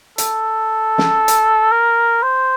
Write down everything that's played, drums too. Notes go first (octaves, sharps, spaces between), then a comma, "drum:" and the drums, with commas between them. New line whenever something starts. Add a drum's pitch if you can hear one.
A4, drum: hi-hat
drum: snare
drum: hi-hat
A#4
C5